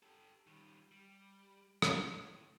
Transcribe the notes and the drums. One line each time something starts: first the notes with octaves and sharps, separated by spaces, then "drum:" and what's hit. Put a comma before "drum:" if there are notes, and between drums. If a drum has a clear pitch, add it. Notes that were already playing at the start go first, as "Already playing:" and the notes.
G4 A4
D#3 G3
G3
D2, drum: rim click
D#2 A2